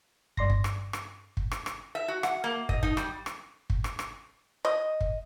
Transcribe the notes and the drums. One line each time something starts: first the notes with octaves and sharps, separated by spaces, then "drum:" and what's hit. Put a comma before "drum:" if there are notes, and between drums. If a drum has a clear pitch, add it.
G2 D5 C6 A#6, drum: kick
drum: kick
drum: rim click
drum: rim click
drum: kick
drum: rim click
drum: rim click
E5
F#4
F#5, drum: rim click
A#3
D#5, drum: kick
D#4, drum: kick
G3, drum: rim click
drum: rim click
drum: kick
drum: rim click
drum: rim click
D#5
drum: kick